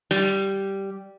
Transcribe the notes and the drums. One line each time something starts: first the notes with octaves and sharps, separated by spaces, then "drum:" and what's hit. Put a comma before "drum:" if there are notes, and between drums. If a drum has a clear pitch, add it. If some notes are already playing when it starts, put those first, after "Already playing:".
G3, drum: open hi-hat